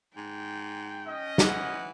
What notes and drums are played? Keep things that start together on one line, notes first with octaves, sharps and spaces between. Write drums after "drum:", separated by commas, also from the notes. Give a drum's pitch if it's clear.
G#2 G5
C#4 D#5
E3 F#5, drum: snare